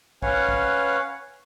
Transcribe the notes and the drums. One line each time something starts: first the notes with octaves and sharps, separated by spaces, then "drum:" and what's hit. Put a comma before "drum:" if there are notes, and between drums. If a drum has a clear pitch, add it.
C#4 B4 C#5 F5 F#5, drum: kick
drum: kick